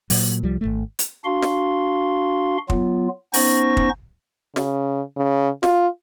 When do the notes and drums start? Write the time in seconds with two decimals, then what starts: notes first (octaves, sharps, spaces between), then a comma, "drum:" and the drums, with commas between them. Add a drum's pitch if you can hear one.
0.10 A#2 F#3, drum: open hi-hat
0.43 C2 F3 G3
0.61 G#1 E2 A3
0.99 drum: hi-hat
1.25 D4 F#4 F5 C6
1.42 drum: snare
2.70 F#3 B3 F4, drum: kick
3.34 B3 C#4 D#4 C5 C#6 A#6, drum: open hi-hat
3.77 drum: kick
4.56 C#3, drum: snare
5.17 C#3
5.63 F4, drum: snare